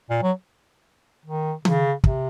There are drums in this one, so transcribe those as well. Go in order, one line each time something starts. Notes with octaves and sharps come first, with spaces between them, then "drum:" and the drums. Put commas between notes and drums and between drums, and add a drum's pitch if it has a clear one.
A#2
F#3
D#3
C#3, drum: tom D#3
C3, drum: kick